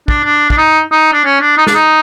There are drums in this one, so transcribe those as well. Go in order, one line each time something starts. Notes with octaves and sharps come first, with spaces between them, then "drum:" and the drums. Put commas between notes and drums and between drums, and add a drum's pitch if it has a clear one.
D4, drum: kick
D4
D4, drum: kick
D#4
D#4
D4
C#4
D4
D#4
D4, drum: snare
D#4